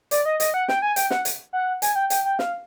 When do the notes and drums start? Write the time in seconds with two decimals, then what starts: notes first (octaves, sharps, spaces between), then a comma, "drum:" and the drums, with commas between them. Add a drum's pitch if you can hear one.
0.11 D5, drum: hi-hat
0.25 D#5
0.40 D#5, drum: hi-hat
0.54 F#5
0.68 G5, drum: snare
0.82 G#5
0.96 G5, drum: hi-hat
1.10 F#5, drum: snare
1.25 drum: hi-hat
1.53 F#5
1.82 G#5, drum: hi-hat
1.96 G5
2.10 G5, drum: hi-hat
2.25 G5
2.39 F5, drum: snare